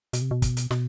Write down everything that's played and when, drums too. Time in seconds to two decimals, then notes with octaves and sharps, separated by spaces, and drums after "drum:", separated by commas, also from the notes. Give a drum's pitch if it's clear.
0.13 B2, drum: hi-hat
0.22 C3
0.31 B2
0.42 drum: kick, hi-hat
0.57 drum: hi-hat
0.71 B2, drum: snare